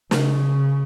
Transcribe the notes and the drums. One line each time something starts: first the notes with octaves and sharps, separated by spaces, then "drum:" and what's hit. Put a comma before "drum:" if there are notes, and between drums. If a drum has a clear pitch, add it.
C#3, drum: snare